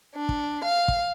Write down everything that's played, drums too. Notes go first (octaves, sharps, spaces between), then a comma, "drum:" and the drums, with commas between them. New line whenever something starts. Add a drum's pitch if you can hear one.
D4
drum: kick
F5
drum: kick